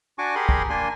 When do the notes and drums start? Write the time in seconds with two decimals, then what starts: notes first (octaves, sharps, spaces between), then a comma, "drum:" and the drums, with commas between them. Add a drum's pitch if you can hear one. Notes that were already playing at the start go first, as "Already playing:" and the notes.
0.18 D4 F#4 G#5 C#6 D6
0.35 G4 G#4 A#4 B5 C6
0.49 drum: kick
0.70 A#3 D4 G#5 C6